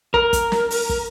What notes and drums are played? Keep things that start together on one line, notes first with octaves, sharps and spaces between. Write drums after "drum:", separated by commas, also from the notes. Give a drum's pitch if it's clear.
A#4, drum: kick
drum: kick, hi-hat
drum: snare
drum: open hi-hat
drum: kick